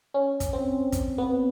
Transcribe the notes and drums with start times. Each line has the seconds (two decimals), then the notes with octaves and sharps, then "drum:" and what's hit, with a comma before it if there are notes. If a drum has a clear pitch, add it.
0.14 C#4
0.40 drum: kick, hi-hat
0.53 C4
0.92 drum: kick, hi-hat
1.18 B3